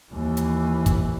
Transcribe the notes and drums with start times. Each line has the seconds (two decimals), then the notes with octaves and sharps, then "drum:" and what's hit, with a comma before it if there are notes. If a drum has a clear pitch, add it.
0.12 D#2 E3
0.37 drum: hi-hat
0.86 drum: kick, hi-hat